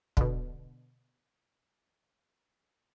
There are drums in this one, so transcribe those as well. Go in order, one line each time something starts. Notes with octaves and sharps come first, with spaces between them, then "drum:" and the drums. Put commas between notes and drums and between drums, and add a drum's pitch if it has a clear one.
B2 D3, drum: kick